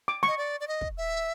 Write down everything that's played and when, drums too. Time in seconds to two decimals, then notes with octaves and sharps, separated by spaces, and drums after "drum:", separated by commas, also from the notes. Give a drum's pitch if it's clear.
0.08 D6
0.23 D#5 C#6, drum: snare
0.37 D5
0.60 D5
0.67 D#5
0.81 drum: kick
0.97 E5